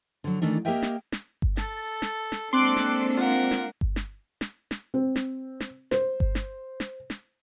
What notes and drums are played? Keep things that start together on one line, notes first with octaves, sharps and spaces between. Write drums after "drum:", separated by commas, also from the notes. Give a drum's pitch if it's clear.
D3 F#3
D#3 E3 A3 D4 D#4
A#3 G4 A#4 D#5 E5 G5
drum: snare
drum: snare
drum: kick G1
A4 A6, drum: snare
drum: snare
drum: snare
G#3 A#3 C4 D4 A4 C6 D6 F#6
drum: snare
F4 A#4 F#5
drum: snare
drum: kick G1
drum: snare
drum: snare
drum: snare
C4
drum: snare
drum: snare
C5, drum: snare
drum: kick G1
drum: snare
drum: snare
drum: snare